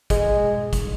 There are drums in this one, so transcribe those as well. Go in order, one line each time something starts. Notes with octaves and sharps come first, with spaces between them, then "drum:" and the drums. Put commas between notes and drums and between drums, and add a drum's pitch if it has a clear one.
G#3, drum: kick, hi-hat
drum: kick, hi-hat